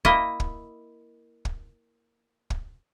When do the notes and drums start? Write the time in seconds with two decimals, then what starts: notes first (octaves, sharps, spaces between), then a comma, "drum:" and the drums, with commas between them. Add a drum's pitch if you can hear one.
0.05 A#3 E4 D#5, drum: kick
0.40 drum: kick
1.45 drum: kick
2.50 drum: kick